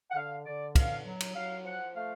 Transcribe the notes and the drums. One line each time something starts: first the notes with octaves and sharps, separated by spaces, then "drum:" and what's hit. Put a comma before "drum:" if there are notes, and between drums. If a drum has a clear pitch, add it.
F#5
D3 F5
D3 D5
B2 F5, drum: kick, cymbal
F#3
drum: cymbal
F#3 F5
F3 F#5
A3 F5